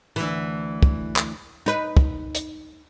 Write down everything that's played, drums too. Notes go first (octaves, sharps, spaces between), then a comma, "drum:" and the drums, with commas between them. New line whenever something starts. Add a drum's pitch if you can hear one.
D2 E3
drum: kick
drum: clap
D#4 B4
drum: kick
drum: hi-hat